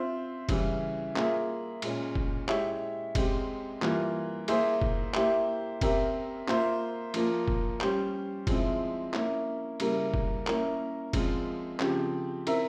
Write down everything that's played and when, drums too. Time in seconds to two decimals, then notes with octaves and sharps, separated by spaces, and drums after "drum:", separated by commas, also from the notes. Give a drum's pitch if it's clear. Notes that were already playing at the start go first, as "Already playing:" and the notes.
Already playing: C4 F4 C5 E5
0.49 C#3 E3 G3 C#4 E4, drum: kick F1, cymbal
1.16 A#3 F4 G#4 E5, drum: clap
1.82 A#2 G#3 C#4, drum: cymbal
2.15 drum: kick F1
2.48 G#3 E4 G4 C#5 E5, drum: clap
3.15 G#3 C4 G4, drum: kick F1, cymbal
3.82 E3 G3 A#3 F4, drum: clap
4.48 A#3 E4 G#4 C5 E5, drum: cymbal
4.82 drum: kick F1
5.14 A#3 E4 G4 C5 E5, drum: clap
5.81 C4 G4 A#4 E5, drum: kick F1, cymbal
6.48 A#3 F4 C5 E5, drum: clap
7.14 F3 A#3 F4, drum: cymbal
7.48 drum: kick F1
7.81 G3 C#4 G4 C5, drum: clap
8.47 F3 G#3 C4 E4, drum: kick F1, cymbal
9.14 A#3 C#4 E4, drum: clap
9.80 C#3 G3 A#3 E4 A#4, drum: cymbal
10.14 drum: kick F1
10.47 A#3 C#4 E4 A#4, drum: clap
11.13 F3 G#3 C4 F4, drum: kick F1, cymbal
11.80 C#3 F3 C4 G4, drum: clap
12.47 C4 E4 A#4 E5, drum: cymbal